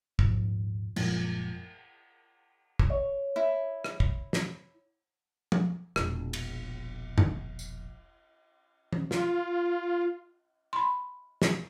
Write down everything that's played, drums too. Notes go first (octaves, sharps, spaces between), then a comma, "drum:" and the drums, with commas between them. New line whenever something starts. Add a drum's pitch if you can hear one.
D#1 G#2 F3, drum: kick
F#1 A#2 F3 G#3, drum: cymbal
drum: kick
C#5
E4
drum: rim click
drum: kick
drum: snare
drum: tom
E1 A#1, drum: rim click
drum: cymbal
drum: tom F#2
drum: tambourine
drum: tom E3
F4, drum: snare
B5 C6
drum: snare